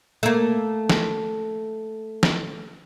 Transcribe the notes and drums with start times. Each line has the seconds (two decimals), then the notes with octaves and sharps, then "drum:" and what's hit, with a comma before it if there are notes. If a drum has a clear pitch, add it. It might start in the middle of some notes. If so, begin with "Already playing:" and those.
0.23 A3 A#3
0.90 drum: snare
2.23 drum: snare